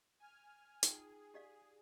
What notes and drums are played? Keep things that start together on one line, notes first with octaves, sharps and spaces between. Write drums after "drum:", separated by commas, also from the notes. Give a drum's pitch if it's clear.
G#5 F6
D#4 F4 G#4 G5, drum: hi-hat
G4 D5 F5